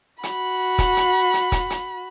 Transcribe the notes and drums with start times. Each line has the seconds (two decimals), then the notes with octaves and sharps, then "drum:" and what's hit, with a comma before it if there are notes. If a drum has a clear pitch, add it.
0.23 F#4 B5, drum: hi-hat
0.78 drum: kick, hi-hat
0.97 drum: hi-hat
1.34 drum: hi-hat
1.52 drum: kick, hi-hat
1.70 drum: hi-hat